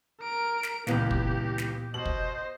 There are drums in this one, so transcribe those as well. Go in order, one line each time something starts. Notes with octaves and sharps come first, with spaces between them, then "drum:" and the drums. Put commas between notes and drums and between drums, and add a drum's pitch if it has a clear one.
A#4 D7
drum: snare
C#2 A#2 E3 B3 G4 F5, drum: snare
drum: kick
drum: snare
B2 C5 D#5 F#7
drum: kick